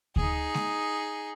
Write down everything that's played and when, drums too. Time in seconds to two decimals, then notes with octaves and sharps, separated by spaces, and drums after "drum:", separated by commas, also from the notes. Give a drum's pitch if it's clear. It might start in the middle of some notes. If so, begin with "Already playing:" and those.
0.16 D#4 G#4, drum: kick D2
0.54 drum: snare G#3